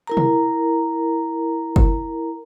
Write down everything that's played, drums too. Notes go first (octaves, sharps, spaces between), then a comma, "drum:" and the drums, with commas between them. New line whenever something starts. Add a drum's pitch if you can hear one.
E4 A#4 A#5
drum: tom
drum: kick F#1